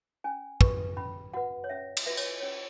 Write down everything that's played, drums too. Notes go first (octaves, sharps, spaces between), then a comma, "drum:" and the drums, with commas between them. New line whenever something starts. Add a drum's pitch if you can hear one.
C#4 G#5
F#4 B4 C#6, drum: kick
C#4 B5
F#4 B4 F#5
C#5
C#4 E5
drum: cymbal
F#4 B4 E5
C#5, drum: tambourine
C#4 C#5